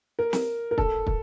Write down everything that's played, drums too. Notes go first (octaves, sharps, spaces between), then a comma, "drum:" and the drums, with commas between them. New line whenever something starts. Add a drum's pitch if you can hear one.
A#4
drum: snare
A#4
A4, drum: kick
drum: kick